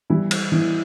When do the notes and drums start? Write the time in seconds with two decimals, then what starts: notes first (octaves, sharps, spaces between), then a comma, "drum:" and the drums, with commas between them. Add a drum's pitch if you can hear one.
0.10 E3 G3 E4
0.31 drum: cymbal
0.52 E3